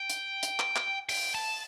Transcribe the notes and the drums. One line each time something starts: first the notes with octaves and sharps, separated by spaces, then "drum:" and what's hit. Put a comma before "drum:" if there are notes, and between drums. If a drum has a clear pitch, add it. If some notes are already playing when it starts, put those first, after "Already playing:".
Already playing: G5
drum: hi-hat
drum: hi-hat
drum: clap
drum: clap
G5, drum: open hi-hat
A5